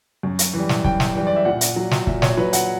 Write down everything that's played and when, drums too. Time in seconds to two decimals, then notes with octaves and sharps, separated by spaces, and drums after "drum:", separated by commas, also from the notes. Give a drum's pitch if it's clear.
0.23 F#2
0.39 drum: hi-hat
0.54 E3 G3
0.69 drum: snare
0.84 F#2 G5, drum: kick
1.00 drum: snare
1.16 E3 G3
1.27 D5
1.36 E5
1.45 A#2 F#5
1.61 drum: hi-hat
1.76 F#3
1.91 drum: snare
2.07 A#2 E5, drum: kick
2.22 C#5, drum: snare
2.37 F#3 B4
2.53 F#5, drum: hi-hat